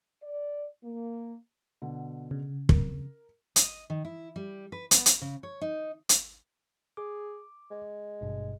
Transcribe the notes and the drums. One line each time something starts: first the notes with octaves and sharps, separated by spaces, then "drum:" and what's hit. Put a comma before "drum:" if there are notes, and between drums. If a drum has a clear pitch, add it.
D5
A#3
B2 D3
C#3
A#4, drum: kick
D#5, drum: hi-hat
D#3
E4
G3
B4
B3, drum: hi-hat
drum: hi-hat
C#3
C#5
D#4
drum: hi-hat
G#4 D6
G#3
G#1 G2 B2